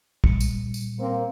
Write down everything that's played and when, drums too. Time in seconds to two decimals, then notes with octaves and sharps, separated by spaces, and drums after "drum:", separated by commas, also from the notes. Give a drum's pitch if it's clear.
0.24 A#2 G3 C#7, drum: kick
0.40 drum: tambourine
0.74 drum: tambourine
0.99 A#3 C4